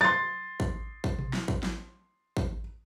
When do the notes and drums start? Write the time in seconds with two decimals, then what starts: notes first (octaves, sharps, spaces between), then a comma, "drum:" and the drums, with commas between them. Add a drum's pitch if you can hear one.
0.01 C6 A6
0.60 drum: kick
1.04 drum: kick
1.19 drum: tom B2
1.33 drum: snare
1.48 drum: kick
1.63 drum: snare
2.37 drum: kick